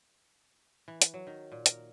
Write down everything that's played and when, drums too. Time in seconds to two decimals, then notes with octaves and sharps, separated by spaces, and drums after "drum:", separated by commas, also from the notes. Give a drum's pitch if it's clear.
0.88 E3
1.02 drum: hi-hat
1.14 F#3
1.27 D#3
1.52 A#2
1.66 A#4, drum: hi-hat